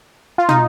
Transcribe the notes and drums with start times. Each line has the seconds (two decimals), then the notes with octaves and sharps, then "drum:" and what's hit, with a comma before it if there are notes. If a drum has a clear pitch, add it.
0.38 F4
0.49 D#4, drum: tom